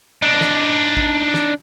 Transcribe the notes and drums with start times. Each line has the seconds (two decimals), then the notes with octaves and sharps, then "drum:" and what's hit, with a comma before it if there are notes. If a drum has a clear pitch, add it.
0.22 D4 D#4
0.41 drum: snare
0.97 drum: kick A1
1.34 drum: snare